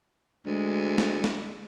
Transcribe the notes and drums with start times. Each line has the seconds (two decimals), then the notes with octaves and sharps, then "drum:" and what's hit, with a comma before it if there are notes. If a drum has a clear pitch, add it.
0.46 D2 G#3
0.98 drum: snare
1.24 drum: snare